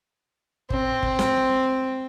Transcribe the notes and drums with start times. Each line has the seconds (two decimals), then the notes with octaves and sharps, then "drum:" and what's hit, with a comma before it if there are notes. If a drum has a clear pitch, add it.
0.70 C4, drum: kick
1.03 drum: kick
1.19 drum: snare